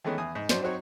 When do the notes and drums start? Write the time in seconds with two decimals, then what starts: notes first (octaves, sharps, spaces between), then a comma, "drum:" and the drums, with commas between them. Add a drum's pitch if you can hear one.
0.04 D#3 E3 G#3 A3 B3 C#4
0.18 E2 G#5 D#6
0.35 G#2
0.49 F#2 F#3 C5 D5, drum: snare
0.61 F#3 C4 D#4 F#4 C#5